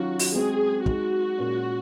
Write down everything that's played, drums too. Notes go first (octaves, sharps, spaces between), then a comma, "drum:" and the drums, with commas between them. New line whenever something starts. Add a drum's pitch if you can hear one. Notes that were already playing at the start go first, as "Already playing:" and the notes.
Already playing: D#3 F#3 C#4 F4 F#4
drum: open hi-hat
G#3 C4 F#4 G#4
G#3 D#4 F#4 G#4, drum: kick
A#2 G#3 C#4